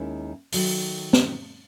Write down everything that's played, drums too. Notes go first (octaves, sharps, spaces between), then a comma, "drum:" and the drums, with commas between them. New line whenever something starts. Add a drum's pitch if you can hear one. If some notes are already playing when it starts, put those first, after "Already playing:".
Already playing: D#2 D#3 G#3 C#4 E4
D#3 F#3 A3, drum: open hi-hat
drum: snare